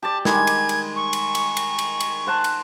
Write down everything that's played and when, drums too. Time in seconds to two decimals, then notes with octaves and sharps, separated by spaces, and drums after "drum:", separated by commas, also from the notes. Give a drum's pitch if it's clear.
0.03 G4 D5 A5
0.25 D#3 G3 G#3 G#6, drum: snare
0.47 drum: cymbal
0.69 drum: cymbal
0.96 C#6
1.13 drum: cymbal
1.35 drum: cymbal
1.57 drum: cymbal
1.79 drum: cymbal
2.00 drum: cymbal
2.27 C5 F#5 A5
2.44 drum: cymbal